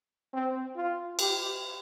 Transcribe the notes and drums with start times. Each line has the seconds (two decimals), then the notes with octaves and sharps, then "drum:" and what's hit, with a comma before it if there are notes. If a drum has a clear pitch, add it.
0.33 C4
0.76 F4
1.19 G4, drum: cymbal